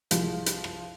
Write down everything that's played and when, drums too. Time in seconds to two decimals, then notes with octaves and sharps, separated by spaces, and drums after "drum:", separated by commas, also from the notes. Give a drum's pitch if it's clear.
0.11 C2 F3 G#3, drum: hi-hat
0.46 drum: hi-hat
0.64 drum: rim click